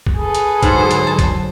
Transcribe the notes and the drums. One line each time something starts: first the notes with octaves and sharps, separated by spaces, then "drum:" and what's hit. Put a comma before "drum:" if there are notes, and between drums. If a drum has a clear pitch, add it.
drum: kick
G#4 A4 B4
drum: hi-hat
G#2 D3 F#3 C5 F#5, drum: kick, hi-hat
drum: hi-hat
A5
drum: kick, hi-hat